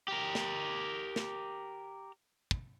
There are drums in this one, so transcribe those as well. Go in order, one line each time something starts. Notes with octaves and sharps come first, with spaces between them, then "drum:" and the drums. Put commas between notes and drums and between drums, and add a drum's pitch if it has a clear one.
G4 A#4
drum: snare
drum: snare
drum: kick